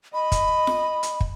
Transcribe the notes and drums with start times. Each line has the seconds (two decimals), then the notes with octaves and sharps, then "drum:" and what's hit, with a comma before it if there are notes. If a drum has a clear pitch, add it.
0.14 D#5 B5
0.32 drum: kick, hi-hat
0.67 drum: snare F4
1.03 drum: hi-hat
1.20 drum: kick